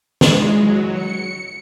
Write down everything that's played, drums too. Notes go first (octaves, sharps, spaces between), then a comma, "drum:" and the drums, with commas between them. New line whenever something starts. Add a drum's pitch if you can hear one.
G#3, drum: snare
F#3
C#7